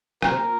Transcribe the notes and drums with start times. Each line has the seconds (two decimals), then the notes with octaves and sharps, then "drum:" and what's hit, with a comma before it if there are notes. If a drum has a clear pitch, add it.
0.22 A#2 A#4, drum: rim click
0.30 C3
0.37 A#2